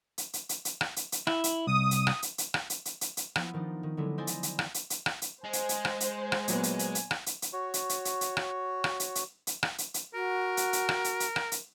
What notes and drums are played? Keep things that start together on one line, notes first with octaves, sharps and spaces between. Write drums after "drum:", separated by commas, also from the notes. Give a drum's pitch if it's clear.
drum: hi-hat
drum: hi-hat
drum: hi-hat
drum: hi-hat
drum: rim click
drum: hi-hat
drum: hi-hat
E4, drum: rim click
drum: hi-hat
C2 D#6
drum: hi-hat
drum: rim click
drum: hi-hat
drum: hi-hat
drum: rim click
drum: hi-hat
drum: hi-hat
drum: hi-hat
drum: hi-hat
F3 B3 E4 F4, drum: rim click
D#3 F3 D4 D#4
D#3
D3 F#3 G#3 B3 E4
E4 C5 D5 D#5 G#5 C6
drum: hi-hat
drum: hi-hat
drum: rim click
drum: hi-hat
drum: hi-hat
drum: rim click
drum: hi-hat
G#3 C5 G#5
drum: hi-hat
drum: hi-hat
drum: rim click
drum: hi-hat
drum: rim click
A#2 F#3 B3, drum: hi-hat
drum: hi-hat
drum: hi-hat
drum: hi-hat
drum: rim click
drum: hi-hat
drum: hi-hat
F#4 C#5
drum: hi-hat
drum: hi-hat
drum: hi-hat
drum: hi-hat
drum: rim click
drum: rim click
drum: hi-hat
drum: hi-hat
drum: hi-hat
drum: rim click
drum: hi-hat
drum: hi-hat
F#4 A#4
drum: hi-hat
drum: hi-hat
drum: rim click
drum: hi-hat
drum: hi-hat
drum: rim click
drum: hi-hat